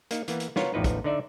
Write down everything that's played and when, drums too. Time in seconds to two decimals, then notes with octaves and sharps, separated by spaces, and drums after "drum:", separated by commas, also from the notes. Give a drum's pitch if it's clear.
0.11 A#3 D#4, drum: hi-hat
0.28 E3 A#3 B3, drum: hi-hat
0.40 drum: hi-hat
0.56 B3 F4 A#4 C#5, drum: snare
0.74 A1 E2 F3 D#4 B4
0.84 drum: kick, hi-hat
1.04 D3 D#4 D5 E5